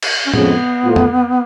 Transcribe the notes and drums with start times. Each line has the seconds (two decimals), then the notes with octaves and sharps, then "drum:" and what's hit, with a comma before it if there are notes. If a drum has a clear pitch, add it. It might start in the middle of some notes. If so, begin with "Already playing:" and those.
0.03 drum: cymbal
0.26 C#4
0.34 F2 C#3 G#3 B3, drum: tom
0.84 A2 F3 A3 F4
0.96 drum: tom F2